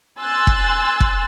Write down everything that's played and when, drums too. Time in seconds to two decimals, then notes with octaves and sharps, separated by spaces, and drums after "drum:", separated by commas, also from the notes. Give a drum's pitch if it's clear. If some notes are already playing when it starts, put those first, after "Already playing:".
0.20 G#5 C6 E6 F#6 A6
0.47 drum: kick
1.00 drum: kick